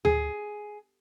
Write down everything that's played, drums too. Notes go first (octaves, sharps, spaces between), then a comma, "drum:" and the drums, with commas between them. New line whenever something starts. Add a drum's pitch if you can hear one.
G#4, drum: tom D2